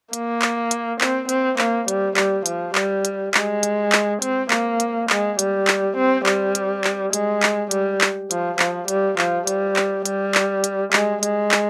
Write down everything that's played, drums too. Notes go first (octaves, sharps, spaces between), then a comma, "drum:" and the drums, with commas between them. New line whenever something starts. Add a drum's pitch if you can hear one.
A#3, drum: hi-hat
drum: clap
drum: hi-hat
C4, drum: clap
C4, drum: hi-hat
A#3, drum: clap
G3, drum: hi-hat
G3, drum: clap
F3, drum: hi-hat
G3, drum: clap
drum: hi-hat
G#3, drum: clap
drum: hi-hat
drum: clap
C4, drum: hi-hat
A#3, drum: clap
drum: hi-hat
G#3, drum: clap
G3, drum: hi-hat
drum: clap
C4
G3, drum: clap
drum: hi-hat
drum: clap
G#3, drum: hi-hat
drum: clap
G3, drum: hi-hat
drum: clap
F3, drum: hi-hat
F3, drum: clap
G3, drum: hi-hat
F3, drum: clap
G3, drum: hi-hat
drum: clap
G3, drum: hi-hat
drum: clap
drum: hi-hat
G#3, drum: clap
G#3, drum: hi-hat
drum: clap